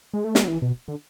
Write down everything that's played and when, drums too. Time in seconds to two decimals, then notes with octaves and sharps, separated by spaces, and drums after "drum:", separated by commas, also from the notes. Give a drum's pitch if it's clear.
0.13 G#3
0.24 A3
0.35 G#3, drum: snare
0.44 F#3
0.48 E3
0.62 B2
0.88 D3